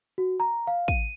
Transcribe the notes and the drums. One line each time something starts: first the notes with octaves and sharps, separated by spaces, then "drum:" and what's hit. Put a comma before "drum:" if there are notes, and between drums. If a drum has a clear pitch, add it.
F#4
A#5
F5
D#7, drum: kick